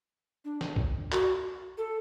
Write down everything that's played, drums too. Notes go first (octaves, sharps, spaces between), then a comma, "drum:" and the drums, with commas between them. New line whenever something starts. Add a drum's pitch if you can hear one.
D4
drum: snare
drum: kick
F#4, drum: clap
A4